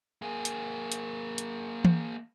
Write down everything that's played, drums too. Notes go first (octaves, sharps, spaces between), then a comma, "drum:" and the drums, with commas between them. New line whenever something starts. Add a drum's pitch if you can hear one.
A#3 G#4
drum: hi-hat
drum: hi-hat
drum: hi-hat
drum: tom E3